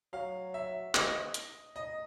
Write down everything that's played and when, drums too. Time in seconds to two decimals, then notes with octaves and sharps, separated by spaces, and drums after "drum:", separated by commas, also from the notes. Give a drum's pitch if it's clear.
0.13 F#3 F5
0.54 E5
0.95 D#5, drum: clap
1.34 drum: hi-hat
1.76 D#5